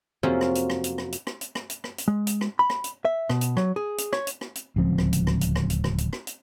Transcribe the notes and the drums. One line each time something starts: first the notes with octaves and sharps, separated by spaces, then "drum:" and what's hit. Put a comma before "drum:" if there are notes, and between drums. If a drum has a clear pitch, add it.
F2 C3 F#3 A#3 C#4 F4
drum: rim click
drum: hi-hat
drum: rim click
drum: hi-hat
drum: rim click
drum: hi-hat
drum: rim click
drum: hi-hat
drum: rim click
drum: hi-hat
drum: rim click
drum: hi-hat
G#3
drum: hi-hat
drum: rim click
B5
drum: rim click
drum: hi-hat
E5
B2, drum: rim click
drum: hi-hat
F#3, drum: rim click
G#4
drum: hi-hat
C#5, drum: rim click
drum: hi-hat
drum: rim click
drum: hi-hat
D1 C#2 F3 C4
drum: rim click
drum: hi-hat
drum: rim click
drum: hi-hat
drum: rim click
drum: hi-hat
drum: rim click
drum: hi-hat
drum: rim click
drum: hi-hat